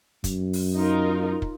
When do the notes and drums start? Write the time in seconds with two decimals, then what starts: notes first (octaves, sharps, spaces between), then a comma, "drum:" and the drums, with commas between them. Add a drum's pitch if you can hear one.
0.24 F#2, drum: kick, hi-hat
0.53 drum: open hi-hat
0.77 D#4 F4 A#4
1.42 drum: kick